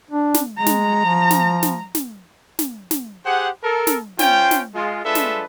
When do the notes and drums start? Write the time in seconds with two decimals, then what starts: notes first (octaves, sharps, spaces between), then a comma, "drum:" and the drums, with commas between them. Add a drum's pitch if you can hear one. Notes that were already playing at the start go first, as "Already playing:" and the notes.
0.11 D4
0.34 drum: snare
0.57 G#3 A#5
0.66 drum: snare
1.05 F3
1.30 drum: snare
1.63 drum: snare
1.95 drum: snare
2.59 drum: snare
2.91 drum: snare
3.26 G4 G#4 C5 F#5
3.64 A4 A#4
3.87 drum: snare
4.19 C#4 F4 C5 G5, drum: snare
4.51 drum: snare
4.74 G#3 F4
5.05 G#3 D4 F4 A4 B4 E5
5.15 drum: snare